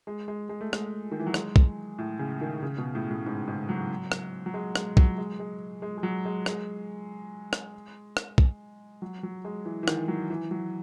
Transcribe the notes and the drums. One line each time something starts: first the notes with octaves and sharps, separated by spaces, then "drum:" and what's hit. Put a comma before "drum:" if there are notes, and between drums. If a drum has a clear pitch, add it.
G#3
G#3
G#3
A3
G#3, drum: rim click
D#3
E3
F#3
G#3, drum: rim click
drum: kick
A2
C#3
D#3
C#3
B2
A2
A2
G#2
G#2
F#3
drum: rim click
F#3
G#3
G#3, drum: rim click
F#3, drum: kick
G#3
G#3
G#3
G#3
F#3
G#3
G#3, drum: rim click
drum: rim click
drum: rim click
drum: kick
F#3
F#3
G#3
E3
E3
D#3, drum: rim click
F#3
E3
F#3